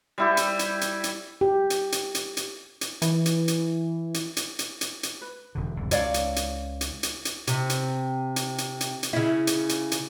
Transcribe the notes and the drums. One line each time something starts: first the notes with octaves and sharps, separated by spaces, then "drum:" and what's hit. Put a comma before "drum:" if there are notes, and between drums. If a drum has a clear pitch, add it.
G3 E4 G4
drum: hi-hat
drum: hi-hat
drum: hi-hat
drum: hi-hat
G4
drum: hi-hat
drum: hi-hat
drum: hi-hat
drum: hi-hat
drum: hi-hat
E3, drum: hi-hat
drum: hi-hat
drum: hi-hat
drum: hi-hat
drum: hi-hat
drum: hi-hat
drum: hi-hat
drum: hi-hat
B4
E1 D3
E1 C2 G#2
C#2 C#5 D5 F5, drum: hi-hat
drum: hi-hat
drum: hi-hat
drum: hi-hat
drum: hi-hat
drum: hi-hat
C3, drum: hi-hat
drum: hi-hat
drum: hi-hat
drum: hi-hat
drum: hi-hat
drum: hi-hat
C#3 E4
drum: hi-hat
drum: hi-hat
drum: hi-hat